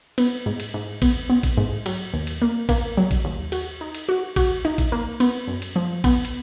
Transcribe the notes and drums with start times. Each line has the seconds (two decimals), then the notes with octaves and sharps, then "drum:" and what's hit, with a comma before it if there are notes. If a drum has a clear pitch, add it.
0.18 B3, drum: cymbal
0.46 G#2
0.60 drum: cymbal
0.74 G#2
1.02 B3, drum: kick, cymbal
1.30 B3
1.43 drum: kick, cymbal
1.57 G#2
1.86 F#3, drum: cymbal
2.13 D#2
2.27 drum: cymbal
2.42 A#3
2.69 A#3, drum: kick, cymbal
2.97 F#3
3.11 drum: kick, cymbal
3.25 D#2
3.52 F#4, drum: cymbal
3.81 D#4
3.95 drum: cymbal
4.09 F#4
4.36 F#4, drum: kick, cymbal
4.65 D#4
4.78 drum: kick, cymbal
4.92 A#3
5.20 B3, drum: cymbal
5.47 F#2
5.62 drum: cymbal
5.76 F3
6.04 B3, drum: kick, cymbal
6.25 drum: cymbal